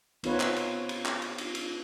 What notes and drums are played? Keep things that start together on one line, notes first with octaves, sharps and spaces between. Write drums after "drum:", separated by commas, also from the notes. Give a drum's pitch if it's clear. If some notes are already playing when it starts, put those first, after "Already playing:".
B3 C4 D#4 F4 B4 C#5, drum: cymbal
drum: clap
drum: cymbal
drum: cymbal
drum: clap
drum: cymbal
drum: cymbal
drum: cymbal